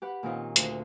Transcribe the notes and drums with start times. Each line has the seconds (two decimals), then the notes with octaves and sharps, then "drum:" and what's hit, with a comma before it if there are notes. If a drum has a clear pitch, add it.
0.02 G4 B4 F#5
0.23 A#2 D#3 C4 C#4 D#4 F4
0.56 D2 F4, drum: hi-hat